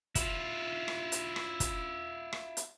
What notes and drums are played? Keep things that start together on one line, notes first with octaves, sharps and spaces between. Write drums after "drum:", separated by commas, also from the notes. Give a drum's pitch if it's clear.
E4 F4, drum: kick, hi-hat
drum: rim click
drum: hi-hat
drum: rim click
drum: kick, hi-hat
drum: rim click
drum: hi-hat